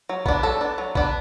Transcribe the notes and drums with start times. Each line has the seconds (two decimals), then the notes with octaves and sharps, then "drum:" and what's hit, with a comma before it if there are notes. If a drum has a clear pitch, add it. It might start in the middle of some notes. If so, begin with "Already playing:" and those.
0.09 F#3
0.26 B3 D4, drum: kick A#1
0.43 F#3 A4
0.61 B3 D4
0.78 F#3
0.95 B3 D4, drum: kick A#1